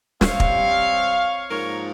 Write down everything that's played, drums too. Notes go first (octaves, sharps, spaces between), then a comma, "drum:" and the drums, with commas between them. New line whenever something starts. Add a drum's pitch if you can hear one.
C3 G3 C4 C#5 F5, drum: snare
drum: kick
G#2 F3 A#3 A#4 C#5